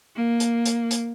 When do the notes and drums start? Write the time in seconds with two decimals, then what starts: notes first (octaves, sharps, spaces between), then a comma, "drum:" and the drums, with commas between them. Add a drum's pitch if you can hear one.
0.15 A#3
0.40 drum: hi-hat
0.65 drum: hi-hat
0.91 drum: hi-hat